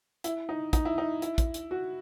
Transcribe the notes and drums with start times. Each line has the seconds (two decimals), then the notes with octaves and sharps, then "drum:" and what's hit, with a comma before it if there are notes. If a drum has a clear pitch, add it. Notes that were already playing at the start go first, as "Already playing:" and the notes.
0.24 E4, drum: hi-hat
0.49 D#4
0.73 D#4, drum: kick, hi-hat
0.85 E4
0.98 D#4
1.22 E4, drum: hi-hat
1.38 drum: kick, hi-hat
1.54 drum: hi-hat
1.71 F#4